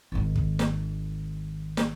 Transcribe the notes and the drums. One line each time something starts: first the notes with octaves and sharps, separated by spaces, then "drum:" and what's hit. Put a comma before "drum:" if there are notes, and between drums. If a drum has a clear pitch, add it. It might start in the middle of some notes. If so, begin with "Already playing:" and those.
G#1 D#3
drum: kick
drum: snare
drum: snare